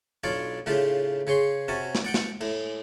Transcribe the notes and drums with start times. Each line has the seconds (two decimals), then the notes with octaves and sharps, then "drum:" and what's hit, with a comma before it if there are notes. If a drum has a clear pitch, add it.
0.24 B1 D4 F4 C#5 D5
0.66 A2 C#3 D4 F4 G4
1.27 C#3 G#4 C#5 C6
1.68 C3 C#4 F#4 G#5 A5
1.95 drum: snare
2.04 D5 F#5 G5
2.14 drum: snare
2.41 A2, drum: cymbal